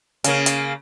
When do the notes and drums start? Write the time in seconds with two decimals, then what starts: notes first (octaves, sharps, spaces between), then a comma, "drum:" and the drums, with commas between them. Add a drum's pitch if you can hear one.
0.24 C#3 A#3, drum: hi-hat
0.46 drum: hi-hat